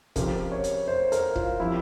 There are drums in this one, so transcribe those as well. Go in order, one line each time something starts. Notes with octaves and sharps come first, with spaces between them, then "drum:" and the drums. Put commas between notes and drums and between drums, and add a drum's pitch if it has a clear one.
C#3 F3 C4 G4 A#4, drum: kick, hi-hat
C#5
drum: hi-hat
C5
A#4, drum: hi-hat
F4, drum: kick
F3 C4 E4 G4